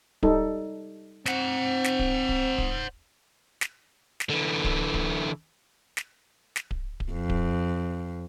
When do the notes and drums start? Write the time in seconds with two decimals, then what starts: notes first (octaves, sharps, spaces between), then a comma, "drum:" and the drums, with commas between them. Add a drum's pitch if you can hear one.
0.23 G3 D#4 A4, drum: kick D1
1.26 C4 C5 F#5, drum: snare
1.85 drum: snare
1.99 drum: kick D1
2.29 drum: kick D1
2.58 drum: kick D1
3.61 drum: snare
4.20 drum: snare
4.30 D3 E3
4.64 drum: kick D1
4.94 drum: kick D1
5.97 drum: snare
6.56 drum: snare
6.71 drum: kick D1
7.00 drum: kick D1
7.12 F2
7.30 drum: kick D1